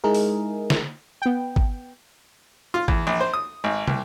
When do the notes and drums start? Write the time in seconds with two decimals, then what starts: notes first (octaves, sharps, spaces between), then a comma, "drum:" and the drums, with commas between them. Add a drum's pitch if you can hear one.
0.04 G#3 D#4 E4 G#4 A#4
0.14 drum: open hi-hat
0.70 drum: snare
1.22 B3 G5
1.56 drum: kick
2.74 F4
2.88 E2, drum: kick
3.07 A#1
3.21 C5
3.34 D#6
3.64 G#1
3.88 C2, drum: tom